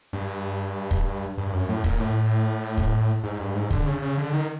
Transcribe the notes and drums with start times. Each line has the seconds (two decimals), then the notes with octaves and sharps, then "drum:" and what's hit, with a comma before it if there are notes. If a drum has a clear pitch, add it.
0.13 G2
0.91 drum: kick
1.38 G2
1.53 F#2
1.69 A2
1.84 A#2, drum: kick
1.99 A2
2.77 drum: kick
3.24 G#2
3.40 G2
3.55 G#2
3.70 D3, drum: kick
3.86 C#3
4.02 C#3
4.17 D3
4.33 D#3